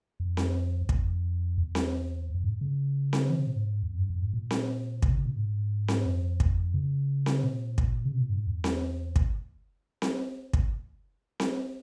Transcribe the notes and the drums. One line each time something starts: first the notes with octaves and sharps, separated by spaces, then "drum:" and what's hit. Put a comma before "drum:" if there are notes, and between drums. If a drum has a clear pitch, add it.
F2
drum: snare C4
E2
F2, drum: kick
E2
drum: snare C4
F2
G#2
C#3
drum: snare C4
E3
C#3
A#2
G#2
E2
F2
G2
F2
G#2
A#2
drum: snare C4
C3, drum: kick
C#3
A#2
G#2
drum: snare C4
F2
drum: kick
C#3
drum: snare C4
A#2
drum: kick
C#3
C3
A#2
G2
G#2
E2
drum: snare C4
drum: kick
drum: snare C4
drum: kick
drum: snare C4